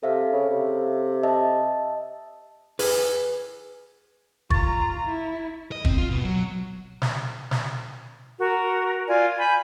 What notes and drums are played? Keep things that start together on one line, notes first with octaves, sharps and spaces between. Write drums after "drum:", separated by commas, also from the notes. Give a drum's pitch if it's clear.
C3 A4 E5 F5
C#3
C3
D#5 E5 A5
G#4 B4, drum: open hi-hat
F4 A#5 C#6 A6, drum: kick
E4
D#5
C4, drum: kick
F4
B2
F#3
drum: snare
drum: snare
F#4 A#4
F4 D5 G#5
G#5 B5 G6